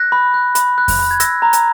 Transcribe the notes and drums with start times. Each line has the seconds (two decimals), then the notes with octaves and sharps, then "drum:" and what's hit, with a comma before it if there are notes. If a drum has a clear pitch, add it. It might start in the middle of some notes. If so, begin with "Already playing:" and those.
Already playing: F#6 A#6
0.12 B5
0.34 F#6
0.55 B5, drum: hi-hat
0.78 F#6
0.88 drum: kick F2, open hi-hat
0.99 B5
1.11 G#6
1.20 E6 A#6, drum: hi-hat
1.42 A#5
1.53 drum: hi-hat